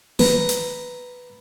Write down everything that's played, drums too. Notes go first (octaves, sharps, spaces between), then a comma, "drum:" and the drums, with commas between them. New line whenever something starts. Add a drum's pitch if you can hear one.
B4 A#5, drum: snare
drum: hi-hat